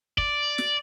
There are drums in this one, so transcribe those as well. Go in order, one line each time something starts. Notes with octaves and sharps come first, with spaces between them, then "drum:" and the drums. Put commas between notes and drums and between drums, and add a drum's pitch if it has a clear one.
D5, drum: kick
drum: snare